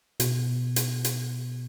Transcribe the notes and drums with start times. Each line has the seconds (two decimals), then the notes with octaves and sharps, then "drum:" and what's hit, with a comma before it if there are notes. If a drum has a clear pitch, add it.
0.20 B2, drum: hi-hat
0.76 drum: hi-hat
1.04 drum: hi-hat